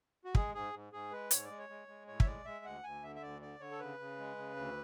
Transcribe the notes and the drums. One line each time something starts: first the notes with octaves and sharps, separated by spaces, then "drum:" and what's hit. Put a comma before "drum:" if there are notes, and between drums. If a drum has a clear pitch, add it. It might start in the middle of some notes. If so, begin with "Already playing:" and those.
F#4
G#3 G#4, drum: kick
G#2 G#4
G#2
G#2 G#4
G#3 B4
G#2 C#5, drum: hi-hat
G#3 D5
C#5
G#3
G#3
A2 C#5
E5, drum: kick
G#3 D5
G#3 E5
D2 F#5
D2 G#5
D3 E5
E5
D2 D5
D3 D5
D3 C#5
A4
C#3 B4
C#3
G#3
C#3
D2